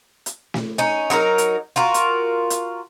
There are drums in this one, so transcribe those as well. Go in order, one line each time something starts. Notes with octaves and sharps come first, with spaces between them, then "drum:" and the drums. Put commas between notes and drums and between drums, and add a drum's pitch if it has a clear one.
drum: hi-hat
drum: snare
C#4 D#4
F#3 D#4 F4 A#4
drum: hi-hat
F4 F#4 A#4
drum: hi-hat
drum: hi-hat